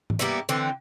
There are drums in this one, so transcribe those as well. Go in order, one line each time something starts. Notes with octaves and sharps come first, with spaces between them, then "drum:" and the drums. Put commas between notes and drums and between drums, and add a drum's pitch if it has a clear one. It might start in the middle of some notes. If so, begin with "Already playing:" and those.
drum: tom G#2
G3 A#3 B3 E4
D3 E3 C4